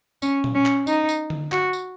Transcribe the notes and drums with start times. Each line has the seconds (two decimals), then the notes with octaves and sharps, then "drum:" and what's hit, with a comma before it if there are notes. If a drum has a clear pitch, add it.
0.22 C#4, drum: tambourine
0.44 drum: tom A#2
0.55 C#4
0.66 drum: clap
0.87 D#4, drum: tambourine
1.09 drum: tambourine
1.30 drum: tom D3
1.52 F#4, drum: clap
1.73 drum: tambourine